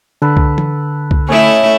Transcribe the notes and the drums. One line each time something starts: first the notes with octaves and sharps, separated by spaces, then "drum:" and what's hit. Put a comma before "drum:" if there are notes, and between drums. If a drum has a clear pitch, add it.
D3 A4 B4
drum: kick C2
drum: tom
drum: kick C2
A3 C#4 E4 C#5 D#5